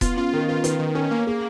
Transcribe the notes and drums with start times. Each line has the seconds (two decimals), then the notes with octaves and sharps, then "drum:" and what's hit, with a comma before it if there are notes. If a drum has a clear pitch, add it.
0.01 B3 F4, drum: kick E1, hi-hat
0.17 C#4 F4
0.33 D#3 A#4
0.48 F4 B4
0.64 D#3 B4, drum: hi-hat
0.79 D#3
0.95 C#4 A#4
1.11 A#3
1.27 A#3 G#4